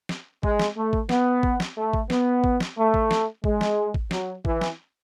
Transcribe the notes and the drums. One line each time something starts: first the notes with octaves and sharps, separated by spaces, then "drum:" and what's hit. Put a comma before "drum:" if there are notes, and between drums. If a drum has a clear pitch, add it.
drum: snare
G#3, drum: kick
drum: snare
A3
drum: kick
B3, drum: snare
drum: kick
drum: snare
A3
drum: kick
B3, drum: snare
drum: kick
drum: snare
A3
drum: kick
drum: snare
G#3, drum: kick
drum: snare
drum: kick
F#3, drum: snare
E3, drum: kick
drum: snare